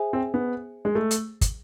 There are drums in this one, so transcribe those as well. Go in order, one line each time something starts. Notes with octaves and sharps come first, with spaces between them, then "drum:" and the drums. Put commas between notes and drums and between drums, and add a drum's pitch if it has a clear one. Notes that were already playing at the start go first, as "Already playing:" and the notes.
Already playing: G#4 C5 E5 G#5
C4
B3
G#3
A3
drum: hi-hat
drum: kick, hi-hat